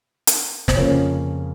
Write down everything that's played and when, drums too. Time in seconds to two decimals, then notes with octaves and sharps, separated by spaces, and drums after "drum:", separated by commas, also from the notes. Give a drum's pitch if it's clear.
0.27 drum: hi-hat
0.68 C5, drum: snare
0.76 F2 C#3 F3 A#3 C#4 C#5